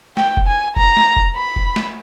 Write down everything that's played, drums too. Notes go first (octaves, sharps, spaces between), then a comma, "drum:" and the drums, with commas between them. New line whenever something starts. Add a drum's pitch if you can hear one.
G5, drum: snare
drum: kick F1
G#5
A#5, drum: kick F1
drum: snare
drum: kick F1
B5
drum: kick F1
drum: snare